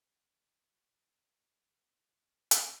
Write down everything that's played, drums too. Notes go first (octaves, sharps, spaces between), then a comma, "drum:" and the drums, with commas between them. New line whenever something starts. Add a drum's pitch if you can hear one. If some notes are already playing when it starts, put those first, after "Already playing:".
C#4 G#4 A#4 D5 F#5
drum: hi-hat